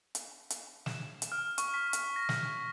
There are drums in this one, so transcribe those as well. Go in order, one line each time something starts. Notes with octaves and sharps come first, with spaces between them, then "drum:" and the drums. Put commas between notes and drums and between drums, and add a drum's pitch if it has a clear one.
drum: hi-hat
drum: hi-hat
E7, drum: snare
drum: hi-hat
F6
C#6, drum: hi-hat
B6
drum: hi-hat
A#6
drum: snare